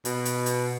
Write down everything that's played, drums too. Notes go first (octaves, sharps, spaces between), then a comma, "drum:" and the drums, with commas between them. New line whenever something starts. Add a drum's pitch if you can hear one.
B2, drum: hi-hat
drum: hi-hat
drum: hi-hat